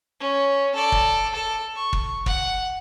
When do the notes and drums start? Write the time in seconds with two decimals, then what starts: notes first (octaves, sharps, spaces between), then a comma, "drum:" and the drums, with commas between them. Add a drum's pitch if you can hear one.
0.20 C#4
0.75 A4 D5
0.92 drum: kick
1.34 A4
1.76 C#6
1.93 drum: kick
2.26 F#5, drum: kick